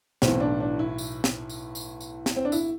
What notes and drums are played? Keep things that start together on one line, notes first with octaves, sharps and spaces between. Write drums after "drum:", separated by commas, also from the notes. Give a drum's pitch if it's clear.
B1 A2 E3 C4, drum: snare
D4
D4
E4
drum: tambourine
drum: snare
drum: tambourine
drum: tambourine
drum: tambourine
drum: snare
C4
D4
E4, drum: tambourine